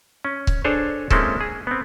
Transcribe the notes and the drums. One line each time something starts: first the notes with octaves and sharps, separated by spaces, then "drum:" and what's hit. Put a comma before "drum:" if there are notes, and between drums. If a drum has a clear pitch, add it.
C#4
drum: kick C#1
D4 G#4 A4 C5 C#5
G#3 A#3 C4 C#4 E4 A4, drum: kick C#1
G#4
B3 C4